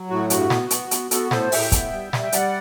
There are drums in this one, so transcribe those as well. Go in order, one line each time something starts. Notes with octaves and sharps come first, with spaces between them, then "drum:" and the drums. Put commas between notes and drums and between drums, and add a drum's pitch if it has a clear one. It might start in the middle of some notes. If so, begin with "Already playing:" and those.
Already playing: F#3
A2 F#4
G2 F#4, drum: hi-hat
B3, drum: snare
B3, drum: hi-hat
B3, drum: hi-hat
B3 F#4 A4, drum: hi-hat
A2 A4 C5, drum: snare
A2 E5 G5, drum: open hi-hat
B3, drum: kick, hi-hat
G3
G3, drum: snare
G5
G3 D5 F#5, drum: hi-hat